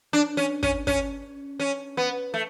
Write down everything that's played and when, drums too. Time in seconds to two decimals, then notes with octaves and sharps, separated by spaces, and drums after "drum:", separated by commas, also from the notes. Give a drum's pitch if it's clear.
0.13 D4
0.37 C#4
0.63 C#4, drum: kick
0.87 C#4, drum: kick
1.60 C#4
1.97 B3
2.34 A3